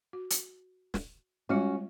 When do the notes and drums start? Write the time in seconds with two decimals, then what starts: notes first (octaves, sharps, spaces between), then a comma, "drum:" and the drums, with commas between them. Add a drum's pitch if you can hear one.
0.13 F#4
0.30 drum: hi-hat
0.94 drum: snare
1.49 G3 G#3 C#4 F4 F#4